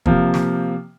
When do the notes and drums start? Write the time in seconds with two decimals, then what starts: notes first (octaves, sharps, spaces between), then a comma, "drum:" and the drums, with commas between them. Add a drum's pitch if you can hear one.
0.06 C3 F3 A#3, drum: kick
0.34 drum: snare